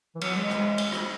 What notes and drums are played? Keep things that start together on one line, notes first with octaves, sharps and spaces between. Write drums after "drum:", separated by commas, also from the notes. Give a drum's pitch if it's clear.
E3
F#3, drum: cymbal
G#3
drum: rim click
drum: cymbal
drum: rim click